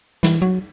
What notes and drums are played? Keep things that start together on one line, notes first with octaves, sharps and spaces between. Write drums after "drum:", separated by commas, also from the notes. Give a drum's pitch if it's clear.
E3, drum: snare
F#3